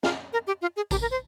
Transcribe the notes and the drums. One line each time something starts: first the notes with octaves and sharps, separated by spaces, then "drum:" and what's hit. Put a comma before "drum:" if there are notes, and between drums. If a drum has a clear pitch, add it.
F4, drum: snare
A#4
G4
F4
G#4
G4, drum: kick A1, tambourine
A#4
C5